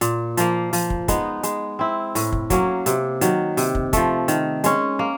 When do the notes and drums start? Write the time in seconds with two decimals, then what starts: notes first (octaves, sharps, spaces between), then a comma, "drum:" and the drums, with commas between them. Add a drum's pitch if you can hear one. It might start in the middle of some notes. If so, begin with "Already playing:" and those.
0.01 A#2, drum: hi-hat
0.37 F3 A#3, drum: hi-hat
0.73 F3, drum: open hi-hat
0.90 drum: kick
1.08 G#3 B3 D#4, drum: kick, hi-hat
1.43 G#3, drum: hi-hat
1.79 C4 E4
2.15 A2, drum: open hi-hat
2.32 drum: kick
2.50 F#3 A#3 C#4, drum: kick, hi-hat
2.86 C3, drum: hi-hat
3.21 D#3 F#3, drum: hi-hat
3.57 C3, drum: open hi-hat
3.75 drum: kick
3.93 F3 A3, drum: kick, hi-hat
4.28 D#3, drum: hi-hat
4.64 G#3 C#4, drum: hi-hat
4.99 A#3